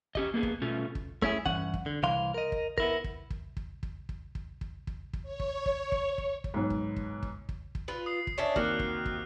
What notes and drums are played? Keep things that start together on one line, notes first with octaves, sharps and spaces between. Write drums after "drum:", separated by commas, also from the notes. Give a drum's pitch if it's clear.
C#4 G4 D#5, drum: kick
A#3 B3 G#4
drum: kick
B2 A3 C#4 F4
drum: kick
A3 C#4 E4 G#4, drum: kick
G2 E3 C#4 F#5, drum: kick
drum: kick
D3
C2 E3 F5 C6
A#4 D#5
drum: kick
B3 E4 A#4, drum: kick
drum: kick
drum: kick
drum: kick
drum: kick
drum: kick
drum: kick
drum: kick
drum: kick
drum: kick
C#5
drum: kick
drum: kick
drum: kick
drum: kick
drum: kick
G#2 B2 F#3
drum: kick
drum: kick
drum: kick
drum: kick
drum: kick
F4 B4
D#6 C7
drum: kick
C#4 D4 E5
D#3 A#3 C4 F#4 D6 F6 F#6, drum: kick
drum: kick
drum: kick